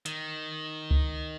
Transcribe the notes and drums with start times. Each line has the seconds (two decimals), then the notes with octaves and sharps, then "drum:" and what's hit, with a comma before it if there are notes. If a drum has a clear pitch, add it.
0.06 D#3, drum: hi-hat
0.91 drum: kick C#2